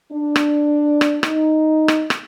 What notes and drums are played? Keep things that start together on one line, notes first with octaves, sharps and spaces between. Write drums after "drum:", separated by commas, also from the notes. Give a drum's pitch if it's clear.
D4
drum: rim click
drum: rim click
D#4, drum: rim click
drum: rim click
drum: rim click